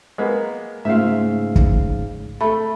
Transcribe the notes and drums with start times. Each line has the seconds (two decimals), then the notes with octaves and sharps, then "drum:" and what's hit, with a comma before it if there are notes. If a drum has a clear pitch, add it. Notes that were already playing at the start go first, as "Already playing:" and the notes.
0.18 G#3 A#3 B3
0.85 G#2 C#3 A3 A#3 F4 E5 F5
1.56 drum: kick
2.41 A3 B5